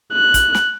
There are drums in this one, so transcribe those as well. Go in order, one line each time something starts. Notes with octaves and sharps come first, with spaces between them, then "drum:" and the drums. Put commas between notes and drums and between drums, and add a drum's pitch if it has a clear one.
F#6
drum: kick, hi-hat
drum: snare